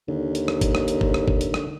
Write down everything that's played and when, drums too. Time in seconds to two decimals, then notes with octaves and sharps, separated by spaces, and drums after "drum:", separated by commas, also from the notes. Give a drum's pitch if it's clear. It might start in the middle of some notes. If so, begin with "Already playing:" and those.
0.08 D#2 D3
0.35 drum: hi-hat
0.48 drum: rim click
0.61 drum: kick, hi-hat
0.75 drum: rim click
0.88 drum: hi-hat
1.01 drum: kick
1.14 drum: rim click
1.28 drum: kick
1.41 drum: hi-hat
1.54 drum: rim click